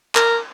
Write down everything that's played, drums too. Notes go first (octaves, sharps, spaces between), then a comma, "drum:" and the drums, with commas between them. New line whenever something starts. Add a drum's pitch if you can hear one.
A#4, drum: clap